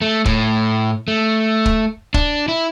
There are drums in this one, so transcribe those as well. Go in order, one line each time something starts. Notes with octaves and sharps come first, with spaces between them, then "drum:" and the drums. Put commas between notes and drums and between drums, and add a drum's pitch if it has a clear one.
A3
A2, drum: kick
A3
drum: kick
D4, drum: kick
E4